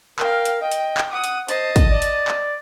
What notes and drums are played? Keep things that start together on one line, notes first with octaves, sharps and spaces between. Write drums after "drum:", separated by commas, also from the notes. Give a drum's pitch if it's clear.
A#4 F5 G5, drum: clap
drum: hi-hat
D#5 G5
drum: hi-hat
drum: clap
F#5 D#6
drum: hi-hat
C5 D#5 A5, drum: hi-hat
drum: kick, hi-hat
D5
drum: hi-hat
drum: clap